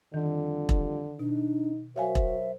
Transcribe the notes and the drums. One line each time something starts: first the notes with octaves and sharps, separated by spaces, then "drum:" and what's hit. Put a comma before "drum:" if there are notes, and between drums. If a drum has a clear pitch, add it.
F2 D3 D#3 G3 F4
drum: kick E1
B2 D4 D#4
F#3 F#4 A#4 C5 C#5 E5 F5 G#5
drum: kick E1